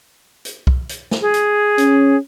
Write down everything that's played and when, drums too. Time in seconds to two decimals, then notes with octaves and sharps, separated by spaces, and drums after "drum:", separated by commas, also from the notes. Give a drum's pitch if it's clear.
0.45 drum: hi-hat
0.67 drum: kick
0.89 drum: hi-hat
1.11 drum: snare
1.21 G#4
1.34 drum: hi-hat
1.78 C#4, drum: hi-hat